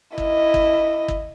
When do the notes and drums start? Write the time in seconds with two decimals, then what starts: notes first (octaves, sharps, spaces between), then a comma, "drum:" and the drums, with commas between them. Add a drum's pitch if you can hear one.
0.18 E4 D#5, drum: kick G1
0.54 drum: kick G1
1.08 drum: kick G1